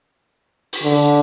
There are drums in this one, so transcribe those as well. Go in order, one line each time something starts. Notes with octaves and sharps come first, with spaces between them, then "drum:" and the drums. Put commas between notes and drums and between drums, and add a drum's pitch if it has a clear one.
drum: open hi-hat
D3